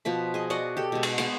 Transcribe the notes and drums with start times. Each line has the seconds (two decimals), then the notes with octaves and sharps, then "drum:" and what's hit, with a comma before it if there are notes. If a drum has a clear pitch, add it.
0.05 B2 F3 B4 B5
0.34 G#4 D#5
0.50 F#4 D5 D#5 F#5
0.77 G4 A4
0.92 B2 G#3
1.03 drum: cymbal
1.18 B3 C6, drum: cymbal